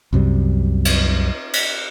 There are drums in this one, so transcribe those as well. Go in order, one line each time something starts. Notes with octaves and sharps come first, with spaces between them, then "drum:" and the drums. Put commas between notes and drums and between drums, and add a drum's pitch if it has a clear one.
C2 F#2 C3 G3
drum: cymbal
drum: cymbal